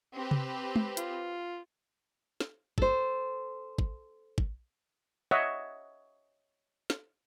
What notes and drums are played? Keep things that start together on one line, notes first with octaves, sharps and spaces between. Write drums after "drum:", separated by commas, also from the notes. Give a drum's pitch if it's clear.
C4 G4 B4
drum: tom C3
drum: tom
F4, drum: hi-hat
drum: snare
A4 C5, drum: kick
drum: kick
drum: kick
C#5 D#5 E5 F#5
drum: snare